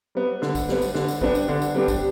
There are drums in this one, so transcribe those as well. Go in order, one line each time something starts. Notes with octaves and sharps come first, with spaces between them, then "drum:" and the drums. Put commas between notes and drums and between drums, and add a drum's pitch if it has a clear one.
G3 B3
D3, drum: snare
drum: kick, tambourine
G3 B3, drum: snare
drum: tambourine
D3, drum: snare
drum: tambourine
G3 B3 D4 G4, drum: kick
drum: tambourine
D3
drum: tambourine
G3 B3 D4 G4
drum: kick, tambourine